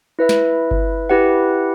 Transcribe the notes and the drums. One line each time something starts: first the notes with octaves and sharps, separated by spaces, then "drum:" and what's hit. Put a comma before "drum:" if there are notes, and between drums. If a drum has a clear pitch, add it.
E4 B4 E5
drum: snare
drum: kick G1
E4 G4 B4 F#5